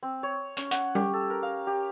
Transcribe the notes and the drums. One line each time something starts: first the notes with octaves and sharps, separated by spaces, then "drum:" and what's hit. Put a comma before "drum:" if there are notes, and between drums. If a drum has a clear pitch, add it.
C4
C#5
C#4, drum: hi-hat
F#5, drum: hi-hat
G4, drum: tom G3
A4
A#4
F5
G4